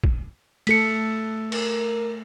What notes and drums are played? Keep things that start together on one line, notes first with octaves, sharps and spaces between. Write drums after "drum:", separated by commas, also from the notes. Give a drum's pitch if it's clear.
drum: kick
A3 A4 B6 C#7, drum: cymbal
A#4, drum: cymbal